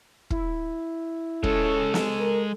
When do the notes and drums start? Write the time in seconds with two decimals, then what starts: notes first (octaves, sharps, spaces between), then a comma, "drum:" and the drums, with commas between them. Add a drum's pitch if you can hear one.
0.30 E4, drum: kick
1.44 G#3 C#4 A4 C#5, drum: kick
1.94 drum: snare
2.20 A#4